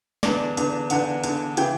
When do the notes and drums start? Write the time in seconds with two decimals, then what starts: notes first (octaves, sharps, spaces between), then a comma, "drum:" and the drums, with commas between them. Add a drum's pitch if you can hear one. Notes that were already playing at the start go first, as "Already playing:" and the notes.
0.23 E2 D3 D5, drum: snare
0.57 E2 D3, drum: hi-hat
0.90 E2 D3 F#5, drum: hi-hat
1.24 E2 D3, drum: hi-hat
1.57 C#3 E3 G5, drum: hi-hat